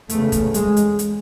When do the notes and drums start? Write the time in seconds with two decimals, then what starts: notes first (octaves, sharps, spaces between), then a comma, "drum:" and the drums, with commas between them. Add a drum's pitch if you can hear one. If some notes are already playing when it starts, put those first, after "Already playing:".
0.09 E2 C#3 A3, drum: hi-hat
0.32 drum: kick, hi-hat
0.54 G#3, drum: hi-hat
0.77 drum: hi-hat
0.99 drum: hi-hat